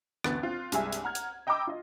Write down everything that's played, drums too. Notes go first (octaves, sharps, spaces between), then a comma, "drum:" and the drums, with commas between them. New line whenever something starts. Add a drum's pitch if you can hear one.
A1 D2 B3 F#6 A6, drum: rim click
C4 F4
C2 G2 G#3 E5 G#5, drum: hi-hat
drum: hi-hat
F#5 A#5 F6 G#6
drum: hi-hat
D#5 G5 A#5 B5 D6 E6
F4 D#5